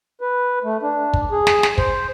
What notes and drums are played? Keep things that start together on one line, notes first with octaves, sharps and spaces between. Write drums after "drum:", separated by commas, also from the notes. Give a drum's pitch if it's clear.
B4
A3
D4
drum: kick
G#4
drum: snare
drum: snare
C5, drum: kick